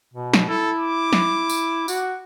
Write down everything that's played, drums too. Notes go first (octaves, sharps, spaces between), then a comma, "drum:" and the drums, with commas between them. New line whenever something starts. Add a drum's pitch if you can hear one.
B2
drum: snare
E4 A4
D6
E4, drum: snare
drum: tambourine
F#4, drum: tambourine